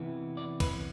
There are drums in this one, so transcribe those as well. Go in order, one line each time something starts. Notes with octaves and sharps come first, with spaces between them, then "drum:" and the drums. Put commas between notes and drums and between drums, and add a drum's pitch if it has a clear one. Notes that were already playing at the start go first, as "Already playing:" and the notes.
Already playing: C3 E3 B3 E4
D5
B4, drum: kick B1, cymbal